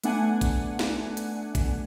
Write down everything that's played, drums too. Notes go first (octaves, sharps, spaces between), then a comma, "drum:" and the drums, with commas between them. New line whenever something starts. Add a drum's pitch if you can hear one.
A3 B3 D4 F#5 G#5, drum: hi-hat
drum: kick, hi-hat
drum: snare
drum: hi-hat
drum: kick, hi-hat